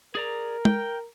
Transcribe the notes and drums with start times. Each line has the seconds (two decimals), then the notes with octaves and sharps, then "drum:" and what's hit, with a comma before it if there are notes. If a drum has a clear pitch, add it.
0.15 G#4 A#4 D5 A#5
0.65 G5, drum: tom